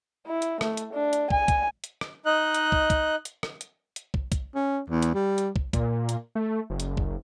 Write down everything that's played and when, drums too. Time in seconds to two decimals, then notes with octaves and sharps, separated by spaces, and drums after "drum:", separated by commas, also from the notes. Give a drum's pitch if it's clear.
0.27 E4
0.42 drum: hi-hat
0.61 A3, drum: rim click
0.77 drum: hi-hat
0.93 D4
1.13 drum: hi-hat
1.31 G#5, drum: kick
1.48 drum: kick, hi-hat
1.84 drum: hi-hat
2.01 drum: rim click
2.26 D#4 D#5 F#6
2.54 drum: hi-hat
2.72 drum: kick
2.90 drum: kick, hi-hat
3.25 drum: hi-hat
3.43 drum: rim click
3.61 drum: hi-hat
3.96 drum: hi-hat
4.14 drum: kick
4.32 drum: kick, hi-hat
4.55 C#4
4.90 E2
5.02 drum: hi-hat
5.14 G3
5.38 drum: hi-hat
5.56 drum: kick
5.73 A#2, drum: kick, hi-hat
6.09 drum: hi-hat
6.35 A3
6.70 F#1
6.80 drum: hi-hat
6.97 drum: kick